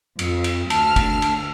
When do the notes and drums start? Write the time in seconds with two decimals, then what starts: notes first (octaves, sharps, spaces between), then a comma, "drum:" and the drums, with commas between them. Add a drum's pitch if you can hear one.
0.19 F2, drum: cymbal
0.44 drum: cymbal
0.70 D2 A5 F6, drum: cymbal
0.96 drum: kick, cymbal
1.22 drum: cymbal